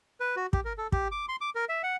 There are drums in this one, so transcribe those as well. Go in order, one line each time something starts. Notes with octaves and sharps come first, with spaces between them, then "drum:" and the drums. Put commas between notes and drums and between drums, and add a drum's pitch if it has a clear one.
B4
F#4
G4, drum: kick
A#4
A4
G4, drum: kick
D6
C6
D6
A#4
E5
F#5